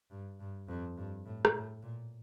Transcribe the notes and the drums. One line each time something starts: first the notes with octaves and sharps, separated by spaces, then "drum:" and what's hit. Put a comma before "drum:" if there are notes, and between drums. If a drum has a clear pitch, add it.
G2
G2
F2
G2
A2
drum: rim click
A2
A#2